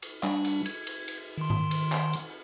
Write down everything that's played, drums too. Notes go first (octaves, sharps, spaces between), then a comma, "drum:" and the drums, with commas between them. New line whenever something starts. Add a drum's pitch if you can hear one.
drum: cymbal
G3 D4, drum: clap
drum: cymbal
G#6, drum: cymbal
drum: cymbal
drum: cymbal
D#3 C6
drum: tom G#2
drum: cymbal
drum: clap
drum: cymbal